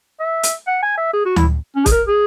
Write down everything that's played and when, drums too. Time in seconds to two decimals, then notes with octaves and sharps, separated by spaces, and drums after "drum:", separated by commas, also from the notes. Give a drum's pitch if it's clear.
0.20 E5
0.43 drum: hi-hat
0.67 F#5
0.83 G#5
0.97 E5
1.13 G#4
1.25 F#4
1.36 E4, drum: tom D2
1.76 C#4
1.86 G#4, drum: kick, hi-hat
1.91 A#4
2.07 G#4